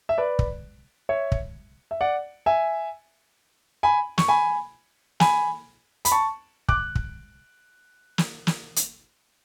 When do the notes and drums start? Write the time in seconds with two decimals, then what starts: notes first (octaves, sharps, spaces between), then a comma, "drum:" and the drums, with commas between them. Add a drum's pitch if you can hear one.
0.09 E5
0.18 B4 D5
0.39 drum: kick
1.09 C#5 E5
1.32 drum: kick
1.91 E5
2.01 D5 F#5
2.46 E5 G#5
3.83 G#5 B5
4.18 C#6, drum: snare
4.28 G#5 B5
5.20 G#5 B5, drum: snare
6.05 B5, drum: hi-hat
6.12 A5 C#6
6.69 D6 F#6, drum: kick
6.95 drum: kick
8.18 drum: snare
8.47 drum: snare
8.76 drum: hi-hat